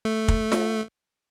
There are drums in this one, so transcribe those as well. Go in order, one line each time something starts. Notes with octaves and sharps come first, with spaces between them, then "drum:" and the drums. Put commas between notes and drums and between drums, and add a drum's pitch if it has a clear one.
A3
drum: kick
drum: snare F4